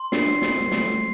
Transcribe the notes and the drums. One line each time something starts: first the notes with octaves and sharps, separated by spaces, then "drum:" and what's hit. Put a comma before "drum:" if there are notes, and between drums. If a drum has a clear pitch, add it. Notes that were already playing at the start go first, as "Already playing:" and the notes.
Already playing: C6
A#3 D4 C7, drum: snare
A#3 C7, drum: snare
C4
G3 A#3
F#3 A3 C7, drum: snare